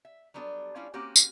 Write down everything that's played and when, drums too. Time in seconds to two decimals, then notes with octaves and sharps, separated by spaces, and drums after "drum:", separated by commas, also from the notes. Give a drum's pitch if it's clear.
0.05 E5
0.34 F#3 G3 B3 D4 F#4 A4
0.75 G3 C#4 D4 E4 F4 F5
0.94 A#3 C4 C#4 F#4 G4
1.16 drum: tambourine